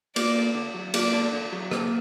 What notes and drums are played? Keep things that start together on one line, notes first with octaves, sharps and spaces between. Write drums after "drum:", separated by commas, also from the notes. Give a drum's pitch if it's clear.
A#3 D5, drum: cymbal
D3
D3
F#3
A#3 D5, drum: cymbal
D3
D3
F#3
A#3, drum: rim click